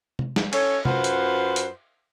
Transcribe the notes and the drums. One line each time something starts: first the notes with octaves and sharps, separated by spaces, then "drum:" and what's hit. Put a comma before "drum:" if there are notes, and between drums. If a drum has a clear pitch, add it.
drum: tom C3
drum: snare
C#4 A4 C#5, drum: cymbal
F#2 F4 B4 C5 F#5, drum: tom C3
drum: hi-hat
drum: hi-hat